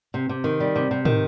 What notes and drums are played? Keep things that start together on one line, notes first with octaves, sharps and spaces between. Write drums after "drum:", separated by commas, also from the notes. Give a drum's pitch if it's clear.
C3
C3
D#3
G3
C3
C3
D#3, drum: tom